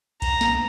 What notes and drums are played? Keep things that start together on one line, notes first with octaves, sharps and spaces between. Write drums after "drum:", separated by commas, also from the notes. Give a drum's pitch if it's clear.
A#5, drum: kick B1, cymbal
drum: snare